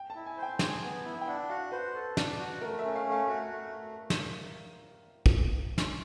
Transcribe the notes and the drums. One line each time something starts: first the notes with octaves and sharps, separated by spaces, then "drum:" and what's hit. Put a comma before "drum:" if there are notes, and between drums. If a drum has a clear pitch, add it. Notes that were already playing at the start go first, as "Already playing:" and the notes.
Already playing: G5
A5
E4
G#5
C5
G5
G#4, drum: snare
B3
E4
G5
D4 F#5
F#4 F5
B4 C5
A4
D4, drum: snare
F#4
A3 A#4
E5
C#4
F5
A3
F5
F#4 E5
A3
drum: snare
drum: kick
drum: snare